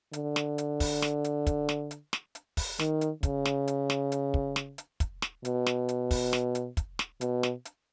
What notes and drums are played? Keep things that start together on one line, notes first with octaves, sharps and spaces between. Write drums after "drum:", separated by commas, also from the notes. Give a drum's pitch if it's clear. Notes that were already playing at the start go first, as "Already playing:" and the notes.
D3, drum: hi-hat
drum: snare
drum: hi-hat
drum: kick, open hi-hat
drum: snare
drum: hi-hat
drum: kick, hi-hat
drum: snare
drum: hi-hat
drum: snare
drum: hi-hat
drum: kick, open hi-hat
D#3, drum: snare
drum: hi-hat
C#3, drum: kick, hi-hat
drum: snare
drum: hi-hat
drum: snare
drum: hi-hat
drum: kick
drum: snare
drum: hi-hat
drum: kick, hi-hat
drum: snare
B2, drum: hi-hat
drum: snare
drum: hi-hat
drum: kick, open hi-hat
drum: snare
drum: hi-hat
drum: kick, hi-hat
drum: snare
B2, drum: hi-hat
drum: snare
drum: hi-hat